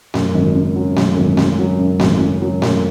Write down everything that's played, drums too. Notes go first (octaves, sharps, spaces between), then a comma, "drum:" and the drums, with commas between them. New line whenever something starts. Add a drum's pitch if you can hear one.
F#2, drum: snare A3
G#1
C#3
F#3
F#2, drum: snare A3
G#1
C#3, drum: snare A3
F#3
F#2
G#1, drum: snare A3
C#3
F#3
F#2, drum: snare A3